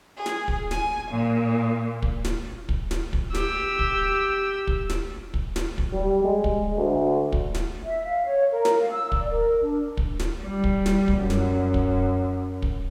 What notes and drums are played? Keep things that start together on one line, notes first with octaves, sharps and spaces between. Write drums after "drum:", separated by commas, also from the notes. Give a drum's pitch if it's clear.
G#4
drum: snare
drum: kick
G#5, drum: snare
A#2
drum: kick
drum: snare
drum: kick
drum: snare
drum: kick
G4 E6, drum: snare
drum: kick
drum: kick
drum: snare
drum: kick
drum: snare
drum: kick
G3
G#3
drum: kick
D2
drum: kick
drum: snare
E5
F5
C#5
A#4
drum: snare
F5
E6
D5, drum: kick
A#4
D4
drum: kick
drum: snare
G3
drum: kick
drum: snare
drum: kick
F#2
drum: snare
drum: kick
drum: kick